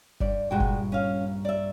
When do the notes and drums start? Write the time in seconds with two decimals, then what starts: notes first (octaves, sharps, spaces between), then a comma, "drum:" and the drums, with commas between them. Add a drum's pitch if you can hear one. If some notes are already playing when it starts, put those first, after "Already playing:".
0.20 G2 D5, drum: kick F#1
0.51 A#1 G2 G#3 F#4 G5
0.60 drum: kick F#1
0.92 C#4 F5
1.45 D5 E5